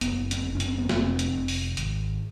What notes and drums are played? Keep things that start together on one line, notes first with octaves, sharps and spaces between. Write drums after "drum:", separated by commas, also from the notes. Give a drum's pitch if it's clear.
F#1 B3, drum: hi-hat
C4, drum: hi-hat
F#1
C#4
C4, drum: hi-hat
B3
F1 C4, drum: snare
drum: hi-hat
F1
drum: open hi-hat
G#1, drum: hi-hat